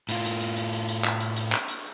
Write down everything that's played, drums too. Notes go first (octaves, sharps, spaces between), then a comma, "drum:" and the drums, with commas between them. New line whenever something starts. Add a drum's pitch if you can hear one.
A2 F4, drum: hi-hat
drum: hi-hat
drum: hi-hat
drum: hi-hat
drum: hi-hat
drum: hi-hat
drum: clap
drum: hi-hat
drum: hi-hat
drum: clap
drum: hi-hat